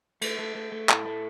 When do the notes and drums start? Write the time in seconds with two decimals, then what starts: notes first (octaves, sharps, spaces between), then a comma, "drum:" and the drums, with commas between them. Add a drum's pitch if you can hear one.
0.21 A3, drum: cymbal
0.39 A3
0.55 A3
0.72 A3
0.89 A2, drum: clap
1.05 A3